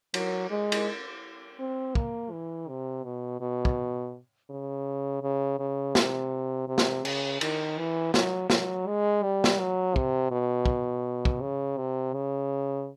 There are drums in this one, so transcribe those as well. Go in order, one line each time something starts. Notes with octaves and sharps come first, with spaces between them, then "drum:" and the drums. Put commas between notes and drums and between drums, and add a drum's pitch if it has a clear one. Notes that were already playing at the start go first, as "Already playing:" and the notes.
F#3, drum: cymbal
G#3
drum: cymbal
C4
A#3, drum: kick
E3
C3
B2
B2
drum: kick
C#3
C#3
C#3
C3, drum: snare
C3
drum: snare
C#3, drum: cymbal
D#3, drum: cymbal
E3
F#3, drum: snare
F#3, drum: snare
G#3
G3
drum: snare
F#3
C3, drum: kick
B2
drum: kick
drum: kick
C#3
C3
C#3